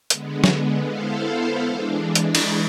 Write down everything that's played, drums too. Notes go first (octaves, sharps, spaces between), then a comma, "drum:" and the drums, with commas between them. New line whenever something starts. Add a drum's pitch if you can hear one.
D3 G#3 B3, drum: hi-hat
drum: snare
B3 E4 A4 C5 F5
E3 G#3 D4
drum: hi-hat
drum: cymbal